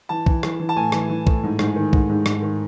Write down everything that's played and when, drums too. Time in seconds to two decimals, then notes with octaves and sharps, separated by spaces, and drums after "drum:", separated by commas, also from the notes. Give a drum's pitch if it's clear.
0.09 E3 A5
0.26 E3, drum: kick
0.43 E3, drum: rim click
0.60 E3
0.69 A5
0.76 A2 G#5
0.92 E3, drum: rim click
1.10 E3
1.27 A2, drum: kick
1.43 G#2
1.59 G#2, drum: rim click
1.76 D#3
1.93 G#2, drum: kick
2.09 G#2
2.26 G#2, drum: rim click
2.42 D#3